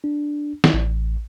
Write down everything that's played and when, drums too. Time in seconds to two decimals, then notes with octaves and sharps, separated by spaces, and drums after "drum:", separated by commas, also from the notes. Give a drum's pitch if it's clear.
0.04 D4
0.64 drum: snare
0.74 A1